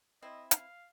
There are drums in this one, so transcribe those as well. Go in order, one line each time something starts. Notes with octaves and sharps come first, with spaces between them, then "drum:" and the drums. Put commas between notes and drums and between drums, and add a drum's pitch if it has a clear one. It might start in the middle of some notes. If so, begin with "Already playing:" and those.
C4 E4 D#5
F5, drum: hi-hat